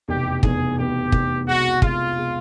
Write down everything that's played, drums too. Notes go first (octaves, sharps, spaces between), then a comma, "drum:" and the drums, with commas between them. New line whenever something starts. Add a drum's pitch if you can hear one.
F1 E2 B2 G4
F1 E2 B2 G#4, drum: kick
F1 E2 B2 G4
F1 E2 B2, drum: kick
C2 B2 G#3 F#4
C2 B2 G#3 F4, drum: kick
B2 G#3